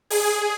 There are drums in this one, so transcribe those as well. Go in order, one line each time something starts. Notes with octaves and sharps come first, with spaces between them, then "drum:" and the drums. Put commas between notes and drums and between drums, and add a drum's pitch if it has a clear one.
G#4, drum: open hi-hat